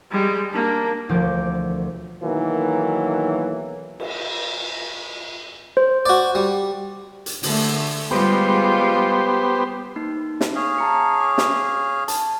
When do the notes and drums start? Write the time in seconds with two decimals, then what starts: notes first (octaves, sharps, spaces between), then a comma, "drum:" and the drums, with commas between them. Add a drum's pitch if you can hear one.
0.11 G3 G#3
0.50 A#3 D4
1.09 E1 D2 F3 A#4 D6 G6
2.21 B1 D#3 E3 F#3 A#3
4.00 drum: cymbal
5.77 C5
6.06 F#4 D5
6.35 G3
7.26 drum: hi-hat
7.43 D3 A3, drum: open hi-hat
8.11 G3 G#3 B3 F4 G4 C5
9.96 A#3 D#4 C7
10.41 drum: snare
10.55 C#4 G#4 F5
10.78 A5 A#5 C#7
11.20 D6
11.38 drum: snare
12.08 A5, drum: hi-hat